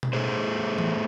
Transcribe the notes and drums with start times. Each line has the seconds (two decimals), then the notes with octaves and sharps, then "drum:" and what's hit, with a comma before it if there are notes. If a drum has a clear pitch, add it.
0.03 drum: tom B2
0.13 A3 G#4 C5
0.78 drum: tom E3